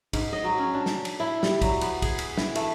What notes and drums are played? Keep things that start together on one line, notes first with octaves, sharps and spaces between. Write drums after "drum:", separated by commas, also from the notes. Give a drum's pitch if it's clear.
G#2, drum: kick, cymbal
D#5
F#3
C#4
D4
drum: snare
drum: cymbal
E4
G3, drum: snare
F#3, drum: kick, cymbal
B3, drum: cymbal
G#4, drum: kick, cymbal
drum: cymbal
E3, drum: snare
A3, drum: cymbal